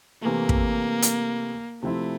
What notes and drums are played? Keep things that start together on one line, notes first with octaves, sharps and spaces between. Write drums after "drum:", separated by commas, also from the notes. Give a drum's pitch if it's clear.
C3 E3 A3 A#3
drum: kick
drum: hi-hat
C3 F3 A3 C4 E4